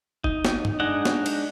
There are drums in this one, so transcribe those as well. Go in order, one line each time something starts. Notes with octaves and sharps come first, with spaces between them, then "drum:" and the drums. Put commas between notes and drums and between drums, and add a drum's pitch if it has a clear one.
D#4, drum: kick F1
drum: snare
drum: tom G2
G#3 D4 D#4 D#5 F#5
drum: snare
drum: cymbal